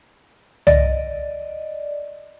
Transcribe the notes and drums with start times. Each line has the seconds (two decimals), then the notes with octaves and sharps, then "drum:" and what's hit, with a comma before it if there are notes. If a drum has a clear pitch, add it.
0.67 D5 D#5, drum: tom